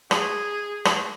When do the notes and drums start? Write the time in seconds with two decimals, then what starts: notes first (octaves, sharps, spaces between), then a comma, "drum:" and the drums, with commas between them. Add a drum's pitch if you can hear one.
0.11 G#4, drum: rim click
0.85 drum: rim click